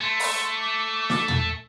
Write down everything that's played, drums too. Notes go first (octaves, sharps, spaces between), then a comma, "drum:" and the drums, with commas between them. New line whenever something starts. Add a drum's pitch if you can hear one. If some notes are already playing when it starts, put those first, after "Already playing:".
A3 C6
drum: open hi-hat
D6
drum: snare
drum: tom